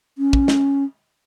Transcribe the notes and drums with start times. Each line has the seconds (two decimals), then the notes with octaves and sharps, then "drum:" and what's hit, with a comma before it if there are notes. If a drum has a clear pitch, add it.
0.18 C#4
0.33 drum: kick
0.48 drum: snare